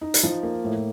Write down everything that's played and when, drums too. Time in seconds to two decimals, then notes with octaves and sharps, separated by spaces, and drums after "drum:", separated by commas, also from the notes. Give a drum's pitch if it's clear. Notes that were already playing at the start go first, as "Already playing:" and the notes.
0.01 D#4
0.14 drum: hi-hat
0.23 F3
0.43 A#3
0.64 A2